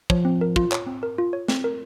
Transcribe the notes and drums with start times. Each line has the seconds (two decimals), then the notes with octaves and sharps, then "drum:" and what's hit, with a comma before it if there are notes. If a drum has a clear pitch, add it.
0.10 F3 C#5, drum: kick
0.25 C4
0.41 A#4
0.56 F4, drum: kick
0.72 C#5, drum: clap
0.86 C4
1.03 A#4
1.18 F4
1.33 C#5
1.48 C4, drum: snare
1.64 A#4